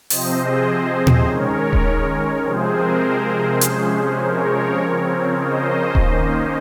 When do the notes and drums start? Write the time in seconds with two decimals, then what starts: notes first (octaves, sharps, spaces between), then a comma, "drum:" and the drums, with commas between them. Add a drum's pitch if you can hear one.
0.10 C3 F3 C4 C5 D#5, drum: open hi-hat
0.40 G#4 C5
0.69 G#4 C5
1.07 drum: tom A#2
1.27 D#3 G#3 C#4 A#4 C#5
1.73 drum: kick D#1
2.44 C3 F3 G#3 C4 G#4 C5
2.73 A#4
3.03 G#4 C5
3.61 C3 F3 G#3 C#4, drum: hi-hat
4.19 A#4 C#5
4.78 C#3 F3 C4
5.37 C5 D#5
5.95 D#3 A#3 C#4, drum: kick D#1